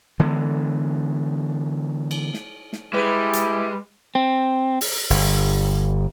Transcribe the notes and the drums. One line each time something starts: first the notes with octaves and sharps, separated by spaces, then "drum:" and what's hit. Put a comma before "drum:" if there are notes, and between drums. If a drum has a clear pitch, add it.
D3 E3 G#3 B3
drum: cymbal
drum: snare
drum: snare
G3 G#3 E4 G4 B4
drum: hi-hat
C4
drum: open hi-hat
G1, drum: open hi-hat